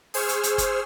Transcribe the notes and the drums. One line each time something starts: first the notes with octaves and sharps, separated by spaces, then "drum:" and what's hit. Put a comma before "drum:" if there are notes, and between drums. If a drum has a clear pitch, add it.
G#4 C5 C#6 E6 F6, drum: open hi-hat
drum: hi-hat
drum: hi-hat
drum: kick F#1, hi-hat